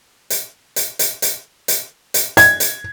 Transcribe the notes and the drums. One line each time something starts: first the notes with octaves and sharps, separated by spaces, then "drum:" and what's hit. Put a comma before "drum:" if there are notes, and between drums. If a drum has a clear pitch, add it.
drum: hi-hat
drum: hi-hat
drum: hi-hat
drum: hi-hat
drum: hi-hat
drum: hi-hat
G#6, drum: hi-hat
drum: hi-hat